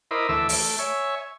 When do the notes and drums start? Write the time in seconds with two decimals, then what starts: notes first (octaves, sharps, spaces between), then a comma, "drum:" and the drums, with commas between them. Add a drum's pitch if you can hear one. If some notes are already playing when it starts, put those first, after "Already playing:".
0.11 E4 A#4 C5 D#5 B5 D6
0.29 D2 E3 A3 E5 D6 E6
0.49 A3, drum: open hi-hat
0.79 C#5 E5 G#5